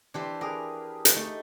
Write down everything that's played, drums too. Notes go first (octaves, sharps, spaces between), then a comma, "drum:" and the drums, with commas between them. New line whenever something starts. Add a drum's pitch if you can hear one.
E3 D4 G4 C5
G4 G#4 A#4 B4
drum: hi-hat
A3 D#4